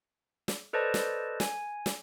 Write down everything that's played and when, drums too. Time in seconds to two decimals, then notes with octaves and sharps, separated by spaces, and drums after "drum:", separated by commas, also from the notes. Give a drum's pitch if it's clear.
0.48 drum: snare
0.73 A4 B4 C5 D5 D#5 A5
0.94 drum: snare
1.40 G#5, drum: snare
1.86 drum: snare